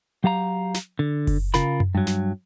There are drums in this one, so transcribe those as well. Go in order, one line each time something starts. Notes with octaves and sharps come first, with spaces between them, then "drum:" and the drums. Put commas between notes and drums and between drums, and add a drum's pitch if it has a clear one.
F#3 G4 F5 A#5
drum: snare
D3
drum: kick F#1, open hi-hat
C#3 F4 A#4 B5, drum: snare
drum: tom F#2
G2 F#3
drum: snare